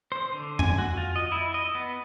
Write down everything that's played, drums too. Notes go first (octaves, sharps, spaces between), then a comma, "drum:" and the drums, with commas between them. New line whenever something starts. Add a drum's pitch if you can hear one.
C5
D3
G#5, drum: tom F2
F#4
F4
D#5
E4
D#5
B3